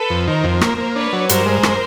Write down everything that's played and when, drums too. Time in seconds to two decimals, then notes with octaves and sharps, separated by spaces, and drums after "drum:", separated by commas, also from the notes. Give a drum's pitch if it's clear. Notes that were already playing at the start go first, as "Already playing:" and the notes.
Already playing: A4 B4
0.10 F2
0.26 D#3 A#4 C5
0.44 F2
0.61 A#3, drum: rim click
0.78 A#3
0.95 D4 B4 C#5
1.13 F#3
1.29 G2 A#4 C5, drum: hi-hat
1.46 G#3
1.63 drum: rim click